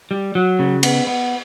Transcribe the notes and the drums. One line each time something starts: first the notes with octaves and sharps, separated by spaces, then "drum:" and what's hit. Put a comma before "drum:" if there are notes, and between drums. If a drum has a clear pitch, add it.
G3
F#3
C#3
B3, drum: cymbal
B3